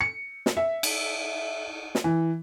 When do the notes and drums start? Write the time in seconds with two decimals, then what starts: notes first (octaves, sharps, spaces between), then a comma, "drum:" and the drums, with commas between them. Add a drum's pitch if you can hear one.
0.01 C#7
0.46 drum: snare
0.57 E5
0.83 drum: cymbal
1.95 drum: snare
2.04 E3